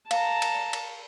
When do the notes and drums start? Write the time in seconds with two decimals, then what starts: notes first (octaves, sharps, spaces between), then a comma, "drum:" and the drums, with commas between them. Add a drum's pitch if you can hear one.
0.11 F5 A5 A#5, drum: cymbal
0.42 drum: cymbal
0.73 drum: cymbal